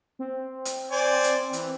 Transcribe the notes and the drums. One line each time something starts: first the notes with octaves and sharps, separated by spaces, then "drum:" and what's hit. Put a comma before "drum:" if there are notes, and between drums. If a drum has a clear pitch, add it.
C4
drum: hi-hat
C5 D5 G#5
drum: hi-hat
E3, drum: hi-hat